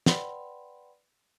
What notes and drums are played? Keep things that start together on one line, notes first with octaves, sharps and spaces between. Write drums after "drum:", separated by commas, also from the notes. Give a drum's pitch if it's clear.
B4 D5 F#5 G5 B5 C6, drum: snare